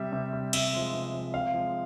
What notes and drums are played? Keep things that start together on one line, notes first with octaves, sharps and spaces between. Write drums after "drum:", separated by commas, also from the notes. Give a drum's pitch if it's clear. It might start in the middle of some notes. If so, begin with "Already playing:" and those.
Already playing: C3 G3 E5
C3
G3
C3 E5, drum: cymbal
F3 G#3
C3
F3 G#3
C3 F5
F3 G#3